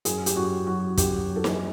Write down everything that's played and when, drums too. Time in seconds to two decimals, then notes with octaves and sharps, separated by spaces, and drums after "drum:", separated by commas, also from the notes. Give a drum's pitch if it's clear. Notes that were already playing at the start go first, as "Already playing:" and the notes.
0.05 F#2 G#4, drum: hi-hat
0.26 G4, drum: hi-hat
0.36 F#2 F#4
0.67 F#3 F#4
0.97 F#2 G4, drum: kick, hi-hat
1.29 F#3
1.36 A4
1.44 G#4, drum: snare